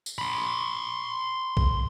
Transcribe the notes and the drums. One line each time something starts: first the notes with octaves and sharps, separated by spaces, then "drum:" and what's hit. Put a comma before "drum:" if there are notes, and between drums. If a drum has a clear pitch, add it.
drum: tambourine
B5 C6
drum: kick A#1